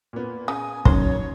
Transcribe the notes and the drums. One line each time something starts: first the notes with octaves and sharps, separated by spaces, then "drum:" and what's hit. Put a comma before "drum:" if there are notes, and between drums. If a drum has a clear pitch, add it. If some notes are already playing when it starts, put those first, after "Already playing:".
A#2 B3
C#3 G#5 D#6
F#2 D#3 A#3 D#4 C5 C#5, drum: kick